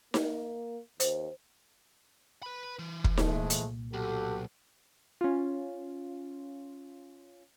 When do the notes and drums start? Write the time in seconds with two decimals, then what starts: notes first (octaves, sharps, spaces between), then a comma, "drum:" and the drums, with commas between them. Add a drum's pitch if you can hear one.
0.14 A#3, drum: snare D#4
1.00 D#2 C5, drum: hi-hat
2.43 B4 B5
2.79 E3
3.04 drum: kick
3.17 C2 A#2 F3 G#3 A3, drum: snare D#4
3.50 drum: hi-hat
3.93 B1 F#4 G4 A4
5.21 C#4 F4